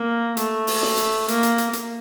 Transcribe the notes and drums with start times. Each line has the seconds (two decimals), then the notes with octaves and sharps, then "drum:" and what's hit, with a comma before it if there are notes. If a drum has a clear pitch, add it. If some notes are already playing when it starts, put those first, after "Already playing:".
Already playing: A#3
0.37 A3, drum: hi-hat
0.67 drum: open hi-hat
0.82 drum: snare
0.97 drum: hi-hat
1.28 A#3, drum: hi-hat
1.43 drum: hi-hat
1.58 drum: hi-hat
1.73 drum: hi-hat